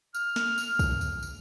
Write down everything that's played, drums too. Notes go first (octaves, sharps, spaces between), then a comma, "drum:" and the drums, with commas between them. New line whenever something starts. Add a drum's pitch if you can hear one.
F6, drum: tambourine
drum: snare
drum: tambourine
drum: kick, tambourine
drum: tambourine
drum: tambourine